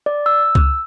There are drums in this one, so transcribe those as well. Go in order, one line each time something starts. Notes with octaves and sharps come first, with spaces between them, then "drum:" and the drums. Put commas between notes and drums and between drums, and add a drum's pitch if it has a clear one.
D5
E6
drum: kick C#2